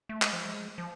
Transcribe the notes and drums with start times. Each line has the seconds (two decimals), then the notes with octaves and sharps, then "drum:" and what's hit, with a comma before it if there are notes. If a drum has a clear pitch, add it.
0.09 A3
0.22 G#3, drum: clap
0.33 F3
0.45 G#3
0.78 F3